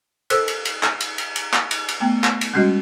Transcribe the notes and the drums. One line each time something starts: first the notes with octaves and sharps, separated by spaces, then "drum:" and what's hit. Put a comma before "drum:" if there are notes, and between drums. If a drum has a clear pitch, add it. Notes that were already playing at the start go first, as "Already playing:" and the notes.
A4 A#4 C5 E6 F#6, drum: cymbal
drum: cymbal
drum: cymbal
drum: clap
drum: cymbal
drum: cymbal
drum: cymbal
drum: clap
drum: cymbal
drum: cymbal
A3 B3 G5
drum: clap
drum: cymbal
G3 G#3 C#4 F#4 D#5